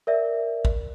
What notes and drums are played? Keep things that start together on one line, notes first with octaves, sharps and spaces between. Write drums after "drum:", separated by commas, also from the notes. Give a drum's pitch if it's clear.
A#4 D5 E5
drum: kick G#1